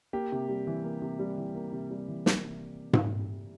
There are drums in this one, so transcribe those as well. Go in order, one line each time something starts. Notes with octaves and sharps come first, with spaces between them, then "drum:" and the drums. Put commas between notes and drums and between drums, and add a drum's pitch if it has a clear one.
A#3 G4
C3
G3
E3
A#3
C3
G3
E3
A#3
C3
G3
E3
A#3, drum: snare
C3
drum: tom G#2